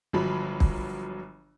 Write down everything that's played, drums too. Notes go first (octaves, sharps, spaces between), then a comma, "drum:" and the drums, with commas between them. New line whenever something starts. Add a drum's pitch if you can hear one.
G1 F3 F#3 B5
drum: kick